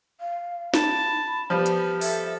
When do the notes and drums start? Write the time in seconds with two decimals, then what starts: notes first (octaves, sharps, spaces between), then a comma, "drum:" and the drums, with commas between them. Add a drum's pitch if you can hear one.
0.20 F5
0.74 A5 B5, drum: snare
1.50 F3 G3 B3
1.66 drum: hi-hat
2.01 A4 E5, drum: open hi-hat